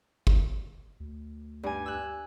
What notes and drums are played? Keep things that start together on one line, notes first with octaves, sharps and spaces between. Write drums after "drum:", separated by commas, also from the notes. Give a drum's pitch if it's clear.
drum: kick G1
D2
G2 G#5
E6 F#6